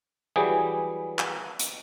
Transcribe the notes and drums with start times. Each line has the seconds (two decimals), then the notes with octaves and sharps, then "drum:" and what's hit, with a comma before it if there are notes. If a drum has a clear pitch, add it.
0.36 E3 F#3 G3 G4 G#4
1.19 drum: clap
1.60 drum: hi-hat